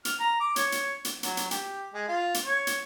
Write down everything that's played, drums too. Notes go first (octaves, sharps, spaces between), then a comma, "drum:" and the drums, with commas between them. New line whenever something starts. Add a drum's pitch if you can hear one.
F6, drum: hi-hat
A#5
D6
C#5, drum: hi-hat
drum: hi-hat
drum: hi-hat
F#3, drum: hi-hat
drum: hi-hat
G4, drum: hi-hat
G#3
F4
drum: hi-hat
C#5
drum: hi-hat